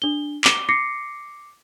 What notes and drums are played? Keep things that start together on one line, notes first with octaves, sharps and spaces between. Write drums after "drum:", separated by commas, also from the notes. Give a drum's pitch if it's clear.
D4 G7
D6 G7, drum: clap
D6 A#6 C7 C#7